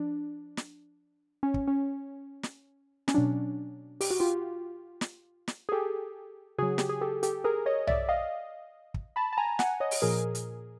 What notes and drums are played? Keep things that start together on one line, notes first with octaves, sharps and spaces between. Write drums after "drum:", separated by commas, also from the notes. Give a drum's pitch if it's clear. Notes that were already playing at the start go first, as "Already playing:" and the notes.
Already playing: F3 D4
drum: snare
C#4
drum: kick
C#4
drum: snare
C#4, drum: snare
B2 F#3 D4
G4, drum: open hi-hat
F#4
F4 G4
drum: snare
drum: snare
G#4
G4 A4
C#3 F#3 F#4 G#4
G4, drum: snare
G#4
G4 A4
G4 A4, drum: hi-hat
G#4 A#4
C#5 D#5
D5 E5, drum: tom B1
D#5 F5
drum: kick
A5 B5
A5
G#5 A#5
F#5 G#5, drum: snare
C#5 D#5
drum: open hi-hat
A#2 F3 G#4 A#4
drum: hi-hat